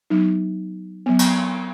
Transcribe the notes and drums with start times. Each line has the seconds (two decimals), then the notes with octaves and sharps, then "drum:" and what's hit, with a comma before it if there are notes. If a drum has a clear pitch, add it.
0.10 F#3 B3 D#4
1.06 F#3 B3
1.19 drum: cymbal